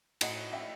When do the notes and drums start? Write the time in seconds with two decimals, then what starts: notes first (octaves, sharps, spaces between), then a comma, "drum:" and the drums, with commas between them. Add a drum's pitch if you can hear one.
0.21 A2 D#5 F#5, drum: cymbal
0.53 E5 G5